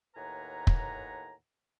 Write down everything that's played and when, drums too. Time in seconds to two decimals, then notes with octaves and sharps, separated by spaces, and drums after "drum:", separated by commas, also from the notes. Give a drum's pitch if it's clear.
0.15 D#2 A2 B4 F#5 G#5 A#5
0.67 drum: kick